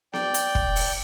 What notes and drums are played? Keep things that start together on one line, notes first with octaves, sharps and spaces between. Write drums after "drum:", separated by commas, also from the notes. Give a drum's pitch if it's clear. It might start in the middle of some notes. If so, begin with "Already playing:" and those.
D5 G5, drum: snare B3
drum: hi-hat
drum: kick
drum: open hi-hat